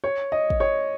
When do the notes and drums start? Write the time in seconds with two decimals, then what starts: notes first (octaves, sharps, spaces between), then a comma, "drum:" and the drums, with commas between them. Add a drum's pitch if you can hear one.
0.04 C#5
0.32 D#5
0.50 drum: kick
0.60 C#5